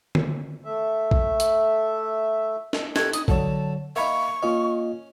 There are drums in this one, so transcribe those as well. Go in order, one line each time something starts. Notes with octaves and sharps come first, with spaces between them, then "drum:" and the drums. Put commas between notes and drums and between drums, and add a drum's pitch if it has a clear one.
drum: tom D3
A3 E5
drum: kick A#1
drum: hi-hat
drum: snare
G4 A4 F#6 G#6, drum: snare
D#4 D#6, drum: hi-hat
D3 F#3 C#5 A5, drum: kick A#1
A#3 D#4 E5 B5 C#6
A#3 C#4 F4 D#5